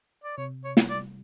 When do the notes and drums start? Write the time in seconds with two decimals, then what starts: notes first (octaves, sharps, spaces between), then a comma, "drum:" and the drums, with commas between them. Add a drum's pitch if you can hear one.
0.24 D5
0.37 C3 C#5
0.64 C#5
0.77 G3, drum: snare
0.90 D5